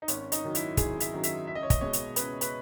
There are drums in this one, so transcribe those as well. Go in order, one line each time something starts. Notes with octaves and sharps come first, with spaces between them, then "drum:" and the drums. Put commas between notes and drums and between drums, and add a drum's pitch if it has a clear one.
D#4
G#1 C#4, drum: hi-hat
D#4, drum: hi-hat
F#2 D#3 F#3
E4, drum: hi-hat
G#1 G#4, drum: kick, hi-hat
E5, drum: hi-hat
F#2 D#3 F#3
E5, drum: hi-hat
C#2 E5
D#5
C#5
D#5, drum: kick, hi-hat
B2 G#3 C#5
drum: hi-hat
C#2 B4, drum: hi-hat
B4, drum: hi-hat